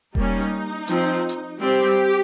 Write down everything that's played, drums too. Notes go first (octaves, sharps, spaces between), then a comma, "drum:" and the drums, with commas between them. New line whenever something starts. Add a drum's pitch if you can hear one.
G3 A#3 C#4 D#4, drum: kick E1
F3 C4, drum: hi-hat
drum: hi-hat
G3 C4 G4